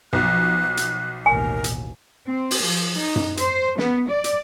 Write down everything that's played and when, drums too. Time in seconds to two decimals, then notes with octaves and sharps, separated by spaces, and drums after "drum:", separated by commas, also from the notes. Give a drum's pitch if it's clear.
0.13 B1 F3 F#6
0.77 drum: hi-hat
1.26 A1 D#2 B2 A#4 G#5
1.64 drum: hi-hat
2.28 C4
2.51 drum: open hi-hat
2.63 F3
2.98 D#4
3.16 drum: tom F#2
3.37 C5, drum: hi-hat
3.78 B3, drum: snare
4.09 D5
4.24 drum: hi-hat